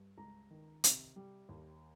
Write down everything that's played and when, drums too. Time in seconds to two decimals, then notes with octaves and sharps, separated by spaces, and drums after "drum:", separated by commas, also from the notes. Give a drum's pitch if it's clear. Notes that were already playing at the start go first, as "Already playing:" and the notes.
Already playing: G2
0.17 C#2 A#5
0.51 D#3
0.84 C3, drum: hi-hat
1.16 G3
1.49 D#2